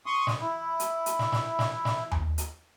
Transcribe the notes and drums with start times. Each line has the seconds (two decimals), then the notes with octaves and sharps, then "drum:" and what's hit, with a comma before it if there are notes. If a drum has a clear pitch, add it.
0.06 C6 C#6 D#6
0.27 drum: snare
0.40 E4
0.80 drum: hi-hat
1.06 drum: hi-hat
1.19 drum: snare
1.32 drum: snare
1.59 drum: snare
1.85 drum: snare
2.11 drum: tom D#2
2.38 drum: hi-hat